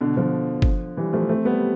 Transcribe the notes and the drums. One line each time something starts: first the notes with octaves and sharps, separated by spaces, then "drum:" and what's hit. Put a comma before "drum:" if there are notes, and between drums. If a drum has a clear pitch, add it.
B2 D3
D3 F3
drum: kick G1
E3 G3
F3 A3
A3 C4
G3 B3